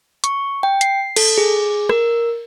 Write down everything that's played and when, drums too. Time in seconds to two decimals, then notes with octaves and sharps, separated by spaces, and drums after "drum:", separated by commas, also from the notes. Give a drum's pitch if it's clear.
0.24 C#6, drum: hi-hat
0.63 G5
0.81 C7, drum: hi-hat
1.16 A4, drum: cymbal
1.38 G#4
1.89 A#4, drum: rim click